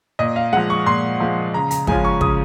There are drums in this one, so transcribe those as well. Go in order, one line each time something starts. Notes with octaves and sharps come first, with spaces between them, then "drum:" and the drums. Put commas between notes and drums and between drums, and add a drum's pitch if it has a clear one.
A#2 D#5
F5
F3 G#3 F#5
C#6
A#2 C6
F3 G#3
C#3 A#5
A#5, drum: hi-hat
F3 G#3 C#4 F4 G#5, drum: kick
C#6
C#3 D#6, drum: kick